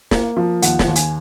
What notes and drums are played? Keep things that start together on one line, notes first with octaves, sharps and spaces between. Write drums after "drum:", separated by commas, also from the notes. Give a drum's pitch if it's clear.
A#3, drum: snare
F3
D#2 F#5, drum: hi-hat
F#5, drum: snare
D#2
G#5, drum: hi-hat